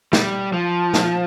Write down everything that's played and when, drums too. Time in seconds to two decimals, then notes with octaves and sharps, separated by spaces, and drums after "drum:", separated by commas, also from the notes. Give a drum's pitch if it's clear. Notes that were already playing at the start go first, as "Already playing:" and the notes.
0.13 G3, drum: snare
0.53 F3
0.94 drum: snare